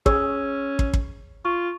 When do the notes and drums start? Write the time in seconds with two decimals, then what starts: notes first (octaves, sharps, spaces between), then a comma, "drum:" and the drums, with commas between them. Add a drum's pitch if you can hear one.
0.06 C#4 G#4 C#5 E6, drum: kick
0.79 drum: kick
0.93 drum: kick
1.45 F4 C#6